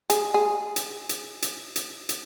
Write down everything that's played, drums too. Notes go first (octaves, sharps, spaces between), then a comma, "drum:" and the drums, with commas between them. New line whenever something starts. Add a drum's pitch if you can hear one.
G#4, drum: hi-hat
G#4
drum: hi-hat
drum: hi-hat
drum: hi-hat
drum: hi-hat
drum: hi-hat